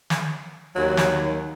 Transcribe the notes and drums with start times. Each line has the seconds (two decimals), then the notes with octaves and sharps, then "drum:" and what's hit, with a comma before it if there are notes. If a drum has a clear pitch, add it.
0.10 drum: snare
0.75 D#2 F#3
0.97 drum: snare